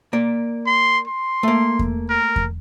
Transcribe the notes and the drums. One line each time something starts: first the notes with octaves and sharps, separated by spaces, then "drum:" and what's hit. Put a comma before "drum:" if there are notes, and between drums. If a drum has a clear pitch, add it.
A#3 D5
C6
C6
A3 A#3
drum: kick E2
A#4
drum: kick E2